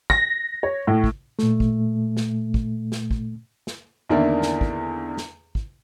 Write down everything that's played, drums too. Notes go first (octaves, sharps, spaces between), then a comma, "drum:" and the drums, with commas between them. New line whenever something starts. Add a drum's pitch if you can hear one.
A#6, drum: kick
C#5
A2
drum: kick
A#2 A3, drum: snare
drum: kick
drum: snare
drum: kick
drum: snare
drum: kick
drum: snare
E2 D3 D#3 A#3 D4 E4
drum: snare
drum: kick
drum: snare
drum: kick